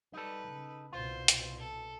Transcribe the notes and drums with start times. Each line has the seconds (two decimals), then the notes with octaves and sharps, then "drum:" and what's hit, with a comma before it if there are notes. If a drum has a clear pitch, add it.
0.14 G3 D#4 A4 B4
0.48 C#3
0.93 C2 B2 F4 C5
1.28 drum: hi-hat
1.58 A4